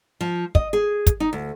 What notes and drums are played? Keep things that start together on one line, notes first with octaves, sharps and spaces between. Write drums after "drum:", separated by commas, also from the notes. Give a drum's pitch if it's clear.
F3
D#5, drum: kick
G#4
drum: kick, hi-hat
D#4
D2